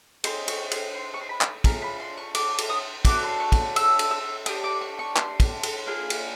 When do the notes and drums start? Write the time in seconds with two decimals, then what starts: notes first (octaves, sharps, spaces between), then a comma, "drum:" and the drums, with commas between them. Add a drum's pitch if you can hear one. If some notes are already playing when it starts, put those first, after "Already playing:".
0.24 C4 D#4 G#4 C6, drum: cymbal
0.48 C#6, drum: cymbal
0.71 C6, drum: cymbal
0.94 C6
1.14 C#6
1.21 C6
1.29 B5
1.41 drum: clap
1.64 D4 F4 G#4 A#5, drum: kick, cymbal
1.82 B5
2.00 C6
2.17 C#6
2.35 D6, drum: cymbal
2.58 drum: cymbal
2.70 D#6
3.05 D4 F#4 A4 D6, drum: kick, cymbal
3.23 C6
3.40 C#6
3.52 drum: kick, cymbal
3.76 E6, drum: cymbal
3.99 drum: cymbal
4.11 E6
4.46 D4 G4 D#6, drum: cymbal
4.64 D6
4.81 C#6
4.99 C#6
5.16 C6, drum: clap
5.40 drum: kick, cymbal
5.63 drum: cymbal
5.86 A#3 D4 F4 G#4
6.10 drum: cymbal